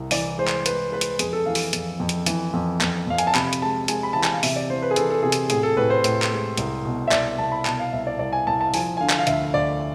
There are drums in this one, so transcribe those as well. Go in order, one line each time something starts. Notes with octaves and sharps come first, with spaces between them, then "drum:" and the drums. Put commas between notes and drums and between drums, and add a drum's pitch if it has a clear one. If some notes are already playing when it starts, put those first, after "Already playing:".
Already playing: C2
E3 D5, drum: open hi-hat
G#3 C5
drum: clap
G#3 B4, drum: hi-hat
G#3 B4
drum: hi-hat
F2 G#4, drum: hi-hat
A4
E3 F5
drum: open hi-hat
F2, drum: hi-hat
F2
drum: hi-hat
E3, drum: hi-hat
F2
F2, drum: clap
F2 F5
G#5, drum: hi-hat
A5
C3 B5, drum: clap
drum: hi-hat
G#3 A5
G#3 G#5, drum: hi-hat
B5
E3 A5
G#5, drum: clap
F5
C3 E5, drum: open hi-hat
D5
E3 C5
B4
G#4
E3 A4, drum: hi-hat
A4
C3 G#4
drum: hi-hat
A2 G#4, drum: hi-hat
A4
A2 B4
C5
A2, drum: hi-hat
drum: clap
G#3
C2, drum: hi-hat
B2
E5
C2 D5, drum: clap
C2 A5
B5
B2 A5, drum: clap
F5
C2 E5
D5
C2 D5
G#5
C2 A5
A5
F3 G#5, drum: open hi-hat
G#5
D3 F5
drum: clap
F5
D2 E5, drum: hi-hat
D2 D5